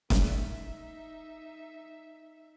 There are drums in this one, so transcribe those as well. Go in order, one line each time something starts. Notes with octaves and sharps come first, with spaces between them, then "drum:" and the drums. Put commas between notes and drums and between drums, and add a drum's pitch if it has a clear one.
D#4 E5, drum: snare